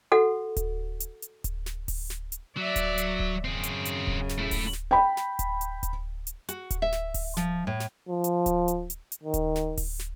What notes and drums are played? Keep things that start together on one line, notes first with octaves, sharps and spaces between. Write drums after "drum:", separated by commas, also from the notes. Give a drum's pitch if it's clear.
F#4 A4 F#5
drum: kick D1, hi-hat
drum: hi-hat
drum: hi-hat
drum: kick D1, hi-hat
drum: snare
drum: kick D1, open hi-hat
drum: snare
drum: hi-hat
F#3 D5 E5
drum: kick D1, hi-hat
drum: hi-hat
drum: kick D1
F#2 C#3 C4 G#4
drum: hi-hat
drum: hi-hat
drum: kick D1
drum: snare
A3 E4
drum: kick D1, open hi-hat
drum: snare
G5 B5
drum: snare
drum: kick D1, hi-hat
drum: hi-hat
drum: kick D1, hi-hat
drum: hi-hat
F#4, drum: hi-hat
drum: kick D1, hi-hat
E5
drum: snare
drum: kick D1, open hi-hat
F3, drum: snare
A2
drum: snare
F3
drum: hi-hat
drum: kick D1, hi-hat
drum: hi-hat
drum: hi-hat
drum: hi-hat
D#3
drum: kick D1, hi-hat
drum: snare
drum: kick D1, open hi-hat
drum: snare